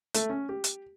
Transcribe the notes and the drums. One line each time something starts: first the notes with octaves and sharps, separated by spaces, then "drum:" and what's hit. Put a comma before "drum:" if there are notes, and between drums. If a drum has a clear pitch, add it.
A3, drum: hi-hat
C#4
G4
drum: hi-hat